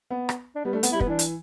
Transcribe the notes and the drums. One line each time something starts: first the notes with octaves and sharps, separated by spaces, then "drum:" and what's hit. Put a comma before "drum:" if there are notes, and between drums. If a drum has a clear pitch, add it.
B3
drum: rim click
D4
G3 B3
A3 D4
B3, drum: hi-hat
G3 E4
B3, drum: kick
E3 D4
drum: hi-hat